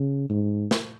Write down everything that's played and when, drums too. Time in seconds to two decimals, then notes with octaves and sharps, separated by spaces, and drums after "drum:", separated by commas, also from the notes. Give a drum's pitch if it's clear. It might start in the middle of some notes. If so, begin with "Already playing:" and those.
Already playing: C#3
0.29 G#2
0.71 drum: snare